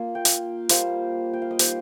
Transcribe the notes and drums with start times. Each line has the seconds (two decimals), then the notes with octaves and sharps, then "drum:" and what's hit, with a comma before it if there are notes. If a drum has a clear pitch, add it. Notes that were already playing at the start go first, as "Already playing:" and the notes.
Already playing: A#3 F4
0.15 G5
0.25 F5, drum: hi-hat
0.69 G3 A#3 F4 C5, drum: hi-hat
1.33 G5
1.42 F5
1.51 D#5
1.59 G3 D#4 C5, drum: hi-hat